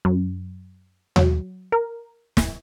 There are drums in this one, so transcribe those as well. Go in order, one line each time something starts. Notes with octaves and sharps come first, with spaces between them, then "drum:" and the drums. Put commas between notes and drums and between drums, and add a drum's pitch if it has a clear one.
F#2
F#3, drum: tom D#2
A#4
drum: snare